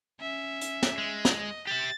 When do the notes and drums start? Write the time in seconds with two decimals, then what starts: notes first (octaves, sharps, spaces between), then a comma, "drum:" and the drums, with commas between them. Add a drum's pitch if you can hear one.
0.21 C#4 E5
0.61 drum: hi-hat
0.83 drum: snare
0.98 G#3
1.25 drum: snare
1.37 D#5
1.67 G4 E5 A6